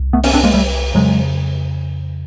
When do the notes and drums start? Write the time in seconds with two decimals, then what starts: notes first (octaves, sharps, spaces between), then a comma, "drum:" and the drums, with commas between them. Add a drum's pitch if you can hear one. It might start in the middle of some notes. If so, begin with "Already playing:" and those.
Already playing: C2
0.13 A3 B3
0.24 B3 C#4, drum: open hi-hat
0.33 C4 D4
0.43 G#3 A#3
0.54 G3 A3
0.94 F2 C#3 F#3 G#3